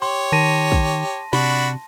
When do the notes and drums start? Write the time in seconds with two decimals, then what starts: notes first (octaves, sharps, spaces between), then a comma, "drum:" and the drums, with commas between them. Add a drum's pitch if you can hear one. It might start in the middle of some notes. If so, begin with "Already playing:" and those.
0.02 G4 C#5 C6
0.32 D#3 A5 A#6 D#7
0.72 drum: kick
1.33 C3 D4 F#4 B5, drum: snare